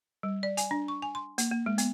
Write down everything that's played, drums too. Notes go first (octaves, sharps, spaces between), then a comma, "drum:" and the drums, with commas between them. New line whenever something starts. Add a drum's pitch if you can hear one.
G3
D5
G#5, drum: hi-hat
D4
C#6
G#5
C6
A#3, drum: hi-hat
A#3
G#3
B3, drum: hi-hat